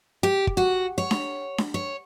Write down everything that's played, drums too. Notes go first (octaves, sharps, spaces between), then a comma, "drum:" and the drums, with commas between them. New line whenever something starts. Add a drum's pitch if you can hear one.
G4
drum: kick
F#4
C#5
drum: snare D4
drum: snare D4
C#5